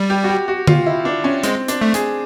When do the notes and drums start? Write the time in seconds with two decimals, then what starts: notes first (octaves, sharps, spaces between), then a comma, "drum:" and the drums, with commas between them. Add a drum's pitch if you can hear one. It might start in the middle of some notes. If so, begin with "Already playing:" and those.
Already playing: G3
0.10 G4
0.24 F#4
0.28 G4
0.48 F#4
0.67 F4, drum: tom D3
0.86 E4
1.05 D4
1.24 C#4
1.43 G#3 C4, drum: hi-hat
1.68 D4, drum: hi-hat
1.81 A3
1.94 G#4, drum: hi-hat